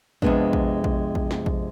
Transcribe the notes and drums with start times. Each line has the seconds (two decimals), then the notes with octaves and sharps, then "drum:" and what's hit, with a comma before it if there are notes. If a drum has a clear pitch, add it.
0.22 F2 C3 G#3 B3 D4, drum: kick A#1
0.53 drum: kick A#1
0.84 drum: kick A#1
1.15 drum: kick A#1
1.31 drum: snare
1.46 drum: kick A#1